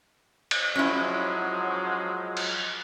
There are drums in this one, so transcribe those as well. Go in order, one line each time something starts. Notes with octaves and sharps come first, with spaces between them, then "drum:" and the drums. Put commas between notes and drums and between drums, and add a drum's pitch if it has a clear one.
drum: cymbal
F3 F#3 G#3 C#4 E4
drum: cymbal